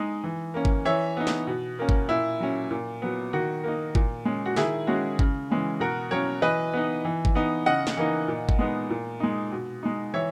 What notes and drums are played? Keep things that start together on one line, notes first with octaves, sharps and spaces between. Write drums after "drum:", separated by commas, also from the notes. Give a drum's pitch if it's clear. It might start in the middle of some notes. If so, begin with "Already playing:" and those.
Already playing: G#3 D#4
E3
A#3 C#4
drum: kick G1
E3 C#5 E5
B3 D#4
drum: snare
B2
A#3 C#4
drum: kick G1
A#2 E4
F#3 C#4
A#2
F#3 B3
D#3 F#4
A#3 D#4
A#2, drum: kick G1
G#3 C#4
F#4
D#3 E4 G#4, drum: snare
G#3 C#4 F#4
C#3, drum: kick G1
E3 G#3 C#4
B2 F#4 A#4
F#3 A#3 C#4 A#4 C#5
E3 B4 D#5
B3 D#4
E3
drum: kick G1
B3 D#4
C#3 D#5 F#5
drum: snare
E3 A#3 D#4
A#2
drum: kick G1
G#3 B3 D#4
A#2
G#3 D#4
B2
G#3 D#4
E3 C#5 E5